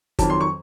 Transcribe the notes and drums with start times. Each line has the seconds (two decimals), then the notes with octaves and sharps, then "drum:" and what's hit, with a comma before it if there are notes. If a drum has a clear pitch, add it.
0.19 F2 D#3 F#3 A5, drum: kick G1, hi-hat
0.30 C6
0.41 C#6